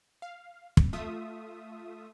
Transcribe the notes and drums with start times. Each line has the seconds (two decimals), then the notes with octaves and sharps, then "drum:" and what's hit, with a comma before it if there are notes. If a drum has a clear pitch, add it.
0.22 F5
0.77 drum: kick
0.93 A3 F4 E5 D#6